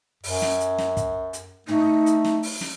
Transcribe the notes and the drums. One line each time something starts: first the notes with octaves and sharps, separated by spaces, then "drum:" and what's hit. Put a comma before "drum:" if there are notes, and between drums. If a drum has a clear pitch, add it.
F#2, drum: open hi-hat
drum: snare
drum: hi-hat
drum: snare
drum: kick, hi-hat
drum: hi-hat
A3 D#4, drum: tom
drum: hi-hat
drum: snare
drum: open hi-hat
drum: snare